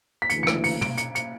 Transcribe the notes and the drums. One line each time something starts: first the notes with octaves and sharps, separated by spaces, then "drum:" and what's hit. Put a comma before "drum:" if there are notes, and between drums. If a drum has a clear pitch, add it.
B6
D2 C#3 E3 C#7, drum: hi-hat
C#7
D7, drum: rim click
C#7, drum: open hi-hat
D7, drum: tom
C#7, drum: hi-hat
C#7, drum: hi-hat